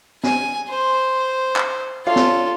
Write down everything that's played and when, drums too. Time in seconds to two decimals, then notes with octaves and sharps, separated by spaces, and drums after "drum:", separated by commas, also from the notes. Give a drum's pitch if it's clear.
0.23 G#5, drum: snare
0.69 C5
1.56 drum: clap
2.06 D4 F4 A4 C#5 F5
2.16 drum: snare